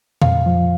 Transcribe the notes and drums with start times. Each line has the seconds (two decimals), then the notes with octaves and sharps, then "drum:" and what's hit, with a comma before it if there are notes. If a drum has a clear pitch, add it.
0.22 F2 F5, drum: tom A#2
0.46 F3